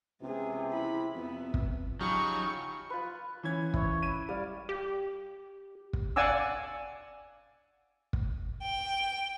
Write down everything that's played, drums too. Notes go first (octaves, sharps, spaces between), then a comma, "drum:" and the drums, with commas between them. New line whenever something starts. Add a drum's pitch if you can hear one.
C#2 C3 B3 G#4
E4 B5
F2 B3 E5
drum: kick
C#3 F#3 D#4 F4 G4 C#6
F4 B4
E3 C#4 G#6
E4 C#5, drum: kick
B5 D#7
G3 D5 F5
G4
drum: kick
D5 F5 F#5 G#5 D6 E6
drum: kick
G5